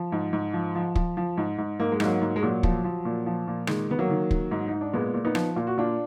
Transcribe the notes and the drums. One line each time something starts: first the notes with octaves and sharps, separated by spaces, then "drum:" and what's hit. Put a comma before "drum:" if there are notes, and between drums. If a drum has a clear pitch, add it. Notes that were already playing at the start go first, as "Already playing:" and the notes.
Already playing: F3
G#2
G#2
F3
F3
F3, drum: kick
F3
G#2
G#2
G#2 A#3
G#3
G#2 F#3 A#3, drum: rim click
G#2
G#3
A#2 F#3
F3, drum: kick
F3
A#2
F3
A#2
D#3 G#3, drum: rim click
D#3 B3
F#3 A#3
D#3
D#3, drum: kick
G#2
G#2 D#4
D4
A#2 G#3 B3
A#2
B3 D#4
F3, drum: rim click
A#2 F4
F#4
A#2 D4 F4